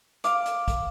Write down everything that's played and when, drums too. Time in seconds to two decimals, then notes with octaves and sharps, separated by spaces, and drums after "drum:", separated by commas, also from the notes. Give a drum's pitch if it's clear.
0.24 F5 D6, drum: hi-hat
0.46 drum: hi-hat
0.68 drum: kick, hi-hat